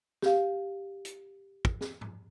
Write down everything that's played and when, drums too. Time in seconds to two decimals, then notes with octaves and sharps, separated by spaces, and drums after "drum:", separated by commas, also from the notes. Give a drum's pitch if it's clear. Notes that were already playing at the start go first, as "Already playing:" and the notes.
0.22 G4 F5, drum: snare
1.05 drum: hi-hat
1.65 drum: kick
1.81 drum: snare
2.01 drum: tom